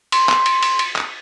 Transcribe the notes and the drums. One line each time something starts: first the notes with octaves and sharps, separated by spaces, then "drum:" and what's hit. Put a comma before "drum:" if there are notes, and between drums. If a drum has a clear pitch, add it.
C6, drum: cymbal
drum: clap
drum: cymbal
drum: cymbal
drum: cymbal
drum: clap